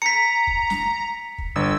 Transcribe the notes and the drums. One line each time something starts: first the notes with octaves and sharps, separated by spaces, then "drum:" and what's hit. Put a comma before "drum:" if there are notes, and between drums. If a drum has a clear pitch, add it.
A#5 B6 C#7
drum: kick
drum: snare
drum: kick
G1 E6